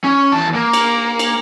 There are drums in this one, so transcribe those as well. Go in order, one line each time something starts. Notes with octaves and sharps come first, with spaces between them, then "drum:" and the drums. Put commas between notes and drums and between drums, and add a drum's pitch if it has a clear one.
C#4
E2 A5
A#3
drum: cymbal
drum: cymbal